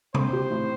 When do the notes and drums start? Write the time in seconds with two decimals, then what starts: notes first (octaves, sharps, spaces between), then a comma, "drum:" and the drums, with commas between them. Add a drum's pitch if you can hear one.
0.14 C4 C5, drum: tom C3
0.33 G4
0.51 A2